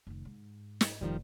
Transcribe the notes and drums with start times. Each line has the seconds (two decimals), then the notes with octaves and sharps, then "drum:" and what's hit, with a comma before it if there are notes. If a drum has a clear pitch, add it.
0.07 F1 D#3
0.25 G#2
0.81 drum: snare
1.01 F1 D#3 F3 G3 F4